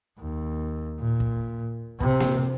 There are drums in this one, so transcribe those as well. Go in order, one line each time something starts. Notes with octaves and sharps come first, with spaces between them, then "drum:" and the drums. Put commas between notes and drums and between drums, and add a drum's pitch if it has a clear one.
D#2
A#2
drum: kick
C3, drum: kick
drum: snare A#3